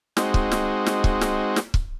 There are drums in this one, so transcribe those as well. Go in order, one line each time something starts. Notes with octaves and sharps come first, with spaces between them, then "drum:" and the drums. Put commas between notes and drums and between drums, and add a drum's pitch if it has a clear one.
G#3 C4 D#4 F#4, drum: snare
drum: kick
drum: snare
drum: snare
drum: kick
drum: snare
drum: snare
drum: kick